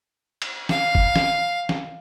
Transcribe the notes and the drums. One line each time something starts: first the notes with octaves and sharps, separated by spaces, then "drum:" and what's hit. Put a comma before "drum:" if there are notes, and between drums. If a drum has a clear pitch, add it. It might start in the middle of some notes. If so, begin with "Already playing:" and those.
drum: cymbal
F5, drum: snare
drum: kick F#1
drum: snare
drum: snare